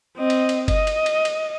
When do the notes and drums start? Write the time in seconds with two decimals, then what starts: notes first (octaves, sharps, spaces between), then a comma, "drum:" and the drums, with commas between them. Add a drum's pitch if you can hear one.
0.16 C4 D#5
0.30 drum: cymbal
0.49 drum: cymbal
0.68 D#5, drum: kick F#1, cymbal
0.87 drum: cymbal
1.06 drum: cymbal
1.25 drum: cymbal